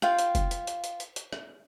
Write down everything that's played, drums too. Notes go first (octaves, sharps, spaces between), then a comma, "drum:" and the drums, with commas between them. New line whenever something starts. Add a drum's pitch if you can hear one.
F4 F5 G5, drum: rim click
drum: hi-hat
drum: kick, hi-hat
drum: hi-hat
drum: hi-hat
drum: hi-hat
drum: hi-hat
drum: hi-hat
drum: rim click